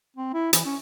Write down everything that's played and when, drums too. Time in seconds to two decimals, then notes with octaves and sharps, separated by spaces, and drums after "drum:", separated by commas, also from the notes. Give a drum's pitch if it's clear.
0.17 C4
0.34 E4
0.53 E3, drum: hi-hat
0.65 C#4